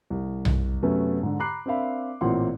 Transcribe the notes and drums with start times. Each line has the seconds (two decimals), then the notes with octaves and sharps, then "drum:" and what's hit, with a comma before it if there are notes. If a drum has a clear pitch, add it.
0.10 C2
0.45 drum: tom B1
0.83 F#2 C3 A3 B3 C#4
1.23 G#2 D3
1.40 A#5 B5 D6 F#6 C7
1.66 C4 D4 A#4 E5 F5 B5
2.21 A1 A#2 C4 E4 F#5 C6